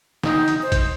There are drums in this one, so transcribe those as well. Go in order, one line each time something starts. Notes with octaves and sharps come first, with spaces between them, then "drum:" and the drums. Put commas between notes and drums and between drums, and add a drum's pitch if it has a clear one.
D#4, drum: snare
drum: hi-hat
C5
drum: kick, hi-hat